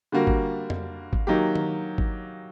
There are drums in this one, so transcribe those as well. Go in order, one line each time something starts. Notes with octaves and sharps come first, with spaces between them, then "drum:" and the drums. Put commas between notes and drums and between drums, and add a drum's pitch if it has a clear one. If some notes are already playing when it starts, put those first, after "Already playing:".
D3 G3 A#3 F#4
drum: kick
drum: tom F2
drum: kick
D#3 F#3 A#3 D#4 G4
drum: tom D#3
drum: kick